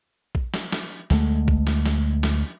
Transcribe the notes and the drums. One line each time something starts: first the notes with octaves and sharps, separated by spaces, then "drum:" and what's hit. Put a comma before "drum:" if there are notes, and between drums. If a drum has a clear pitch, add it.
drum: kick A#1
drum: snare
drum: snare
D2 G#3 A3, drum: snare
drum: kick A#1
drum: snare
drum: snare
drum: snare